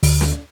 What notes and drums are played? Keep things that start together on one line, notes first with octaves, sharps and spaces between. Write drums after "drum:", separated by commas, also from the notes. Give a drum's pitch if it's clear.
D2, drum: open hi-hat
drum: snare